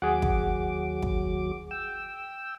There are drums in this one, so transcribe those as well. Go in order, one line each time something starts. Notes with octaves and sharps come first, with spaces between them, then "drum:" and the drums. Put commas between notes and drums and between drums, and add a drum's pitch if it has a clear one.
D#2 F#3 G#4 F#5 D6
drum: kick
drum: kick
G5 E6